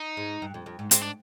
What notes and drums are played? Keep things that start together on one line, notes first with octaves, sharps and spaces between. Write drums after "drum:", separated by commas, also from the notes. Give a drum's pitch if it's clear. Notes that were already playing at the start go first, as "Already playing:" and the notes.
Already playing: D#4
G#2
G2
F2
F2
G#2
G#2 C4, drum: hi-hat
D4